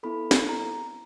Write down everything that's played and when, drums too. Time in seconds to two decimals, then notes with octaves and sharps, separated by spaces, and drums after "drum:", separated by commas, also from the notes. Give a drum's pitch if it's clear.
0.03 B3 E4 A4 B5
0.31 drum: snare
0.49 A#5